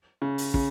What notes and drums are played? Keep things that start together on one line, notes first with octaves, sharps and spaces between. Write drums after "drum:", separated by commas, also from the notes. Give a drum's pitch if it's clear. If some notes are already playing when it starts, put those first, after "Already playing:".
C#3
drum: open hi-hat
C#3, drum: kick